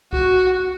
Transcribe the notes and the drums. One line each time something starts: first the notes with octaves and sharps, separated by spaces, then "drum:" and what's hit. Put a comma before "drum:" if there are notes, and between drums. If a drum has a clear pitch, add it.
F#4, drum: kick